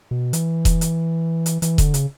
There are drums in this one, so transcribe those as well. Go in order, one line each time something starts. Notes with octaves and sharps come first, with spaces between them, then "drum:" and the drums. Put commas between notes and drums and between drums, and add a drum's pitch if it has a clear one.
B2
E3, drum: hi-hat
drum: kick E1, hi-hat
drum: hi-hat
drum: hi-hat
E3, drum: hi-hat
D3, drum: kick E1, hi-hat
C#3, drum: hi-hat